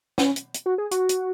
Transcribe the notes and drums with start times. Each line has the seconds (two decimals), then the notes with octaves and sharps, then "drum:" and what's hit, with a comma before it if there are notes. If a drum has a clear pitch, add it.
0.18 C#4, drum: snare
0.36 drum: hi-hat
0.54 drum: hi-hat
0.66 F#4
0.78 G#4
0.91 F#4, drum: hi-hat
1.09 drum: hi-hat